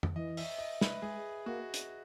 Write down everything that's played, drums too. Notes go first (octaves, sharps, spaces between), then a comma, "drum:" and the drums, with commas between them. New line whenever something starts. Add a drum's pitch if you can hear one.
drum: tom F2
E3 D#5
E5, drum: open hi-hat
D#5
B4, drum: snare
G#3 G#4
A#3 F#4
drum: hi-hat